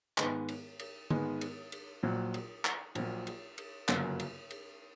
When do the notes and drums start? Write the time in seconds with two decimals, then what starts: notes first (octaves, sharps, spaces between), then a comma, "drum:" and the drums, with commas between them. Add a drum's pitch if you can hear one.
0.18 G#2 D#3 G#3 B3, drum: clap
0.48 drum: cymbal
0.79 drum: cymbal
1.10 G#2 D#3 G#3 B3, drum: tom D3
1.41 drum: cymbal
1.72 drum: cymbal
2.03 A#1 A#2 F#3
2.34 drum: cymbal
2.65 drum: clap
2.95 A#1 A#2 F#3, drum: cymbal
3.27 drum: cymbal
3.58 drum: cymbal
3.88 G1 F#2 C#3 F#3 A#3, drum: clap
4.19 drum: cymbal
4.50 drum: cymbal